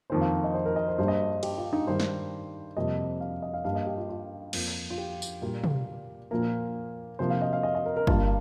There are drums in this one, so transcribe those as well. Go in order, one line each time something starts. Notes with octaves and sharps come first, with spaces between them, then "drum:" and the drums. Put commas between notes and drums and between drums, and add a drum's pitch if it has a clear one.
F2 D#3 A#3 C5
F5
D#5
C5
A#4
D#5
C5
G2 G3 A#3 C5
D#5
C5
G4, drum: cymbal
F4
D#4
G2 D#3 G3 C5
drum: snare
F2 C3 G3 A#3 D#5
F5
D#5
F5
G2 G3 A#3 F5
D#5
G4
F4
F4
F2 F3 A#3, drum: cymbal
F4
G4
drum: tambourine
A#2 G3 A#3
drum: tom
A#2 F3 A#3 A#4
C3 F3 A#3 C5
F5
D#5
F5
D#5
D#5
A#4
A#4
G2 G3 A#3 F4, drum: kick